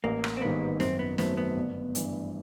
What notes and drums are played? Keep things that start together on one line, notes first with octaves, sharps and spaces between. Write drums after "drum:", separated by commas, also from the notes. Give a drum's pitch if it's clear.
A1 A#3
drum: rim click
C4
G#2 D#3 G3 A#3 B3
F#2 C4, drum: snare
B3
D#3 F#3 A3 B3 C4, drum: snare
B3
G1
G2 E3, drum: hi-hat